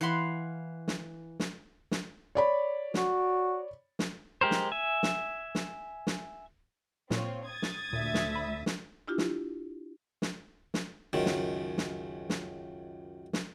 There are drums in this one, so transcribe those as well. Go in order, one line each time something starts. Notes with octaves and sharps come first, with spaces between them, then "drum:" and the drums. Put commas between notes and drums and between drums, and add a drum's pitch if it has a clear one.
E3 F5 F#5 B5 C6
drum: snare
drum: snare
drum: snare
C#5 D5 B5
F#4, drum: snare
drum: snare
G#3 G4 A#4 C5
drum: snare
E5 G#5
drum: snare
drum: snare
drum: snare
A#2 C4 F4 C#5, drum: snare
D#6 G#6 A6
drum: snare
D2 A#2 E5
drum: snare
B5
drum: snare
D4 E4 F4 G4
drum: snare
drum: snare
drum: snare
C#2 F#2 D#3
drum: snare
drum: snare
drum: snare
drum: snare